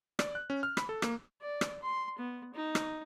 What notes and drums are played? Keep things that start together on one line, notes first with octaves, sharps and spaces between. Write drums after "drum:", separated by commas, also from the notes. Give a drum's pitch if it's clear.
D5, drum: rim click
F#6
C#4
F6
B5, drum: rim click
A4
A#3, drum: rim click
D5
drum: rim click
C6
B3
D#4
drum: rim click